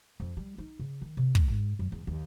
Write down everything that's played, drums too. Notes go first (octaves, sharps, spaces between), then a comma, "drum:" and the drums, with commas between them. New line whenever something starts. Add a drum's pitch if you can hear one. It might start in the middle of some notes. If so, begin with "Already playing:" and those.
F2
G3
D#4
C#3
D#3
C3
A3, drum: kick
G#2
F#2
E2
D#2